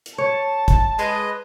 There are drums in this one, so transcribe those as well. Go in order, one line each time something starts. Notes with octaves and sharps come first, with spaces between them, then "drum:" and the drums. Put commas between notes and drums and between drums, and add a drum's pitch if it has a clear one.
drum: hi-hat
C#5 A5
drum: kick, hi-hat
G#3 B4 D#5, drum: hi-hat